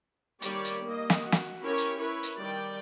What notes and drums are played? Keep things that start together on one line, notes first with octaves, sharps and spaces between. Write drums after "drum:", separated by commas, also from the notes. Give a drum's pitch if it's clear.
D#3 G3 A#3 G4 C#5 D5, drum: hi-hat
drum: hi-hat
A#3 D#5
drum: snare
F#4
drum: snare
C#4 E4 G4 A#4 C#5
drum: hi-hat
E4 A#4 B4 C#5
drum: hi-hat
D#3 G3 D5 G5